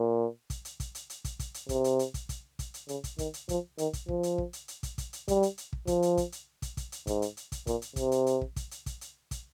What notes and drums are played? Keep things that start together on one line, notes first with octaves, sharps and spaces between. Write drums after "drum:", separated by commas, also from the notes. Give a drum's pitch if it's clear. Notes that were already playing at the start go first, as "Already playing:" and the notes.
Already playing: A#2
drum: kick, hi-hat
drum: hi-hat
drum: kick, hi-hat
drum: hi-hat
drum: hi-hat
drum: kick, hi-hat
drum: kick, hi-hat
drum: hi-hat
C3, drum: kick, hi-hat
drum: hi-hat
drum: hi-hat
drum: kick, hi-hat
drum: kick, hi-hat
drum: kick, hi-hat
drum: hi-hat
C#3, drum: hi-hat
drum: kick, hi-hat
D#3, drum: kick, hi-hat
drum: hi-hat
F3, drum: kick, hi-hat
D#3, drum: hi-hat
drum: kick, hi-hat
F3, drum: kick
drum: hi-hat
drum: kick
drum: hi-hat
drum: hi-hat
drum: kick, hi-hat
drum: kick, hi-hat
drum: hi-hat
G3, drum: kick, hi-hat
drum: hi-hat
drum: hi-hat
drum: kick
F3, drum: kick, hi-hat
drum: hi-hat
drum: kick, hi-hat
drum: hi-hat
drum: kick, hi-hat
drum: kick, hi-hat
drum: hi-hat
G#2, drum: kick, hi-hat
drum: hi-hat
drum: hi-hat
drum: kick, hi-hat
A#2, drum: kick, hi-hat
drum: hi-hat
C3, drum: kick, hi-hat
drum: hi-hat
drum: hi-hat
drum: kick
drum: kick, hi-hat
drum: hi-hat
drum: kick, hi-hat
drum: hi-hat
drum: kick, hi-hat